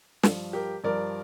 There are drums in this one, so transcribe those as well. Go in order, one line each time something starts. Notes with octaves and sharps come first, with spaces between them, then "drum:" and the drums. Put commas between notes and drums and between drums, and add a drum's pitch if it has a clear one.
G2 F3, drum: snare
G4 A#4
G2 F3 A#4 D5